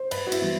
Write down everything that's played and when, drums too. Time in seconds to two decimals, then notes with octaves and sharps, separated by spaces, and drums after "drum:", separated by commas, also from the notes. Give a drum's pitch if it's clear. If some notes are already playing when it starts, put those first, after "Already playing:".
Already playing: C5
0.11 G2 B4, drum: cymbal
0.27 F#4
0.32 E4, drum: cymbal
0.42 E3 G3 B3